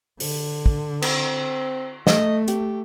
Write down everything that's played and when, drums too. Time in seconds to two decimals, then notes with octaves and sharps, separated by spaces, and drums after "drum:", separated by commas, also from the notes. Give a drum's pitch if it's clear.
0.20 D3, drum: open hi-hat
0.66 drum: kick
1.02 C4, drum: cymbal
2.07 A3 D#5, drum: snare
2.48 G4, drum: hi-hat